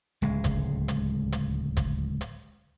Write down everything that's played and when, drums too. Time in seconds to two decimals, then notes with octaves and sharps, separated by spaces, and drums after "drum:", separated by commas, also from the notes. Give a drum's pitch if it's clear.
0.22 D1 C#2 G#3
0.44 drum: kick G1, hi-hat
0.88 drum: hi-hat
1.32 drum: hi-hat
1.77 drum: kick G1, hi-hat
2.21 drum: hi-hat